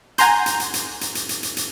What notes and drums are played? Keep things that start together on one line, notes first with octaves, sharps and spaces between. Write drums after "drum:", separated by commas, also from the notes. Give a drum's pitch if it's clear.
F#5 G#5 A#5 C6 G6, drum: hi-hat
drum: hi-hat
drum: hi-hat
drum: hi-hat
drum: hi-hat
drum: hi-hat
drum: hi-hat
drum: hi-hat
drum: hi-hat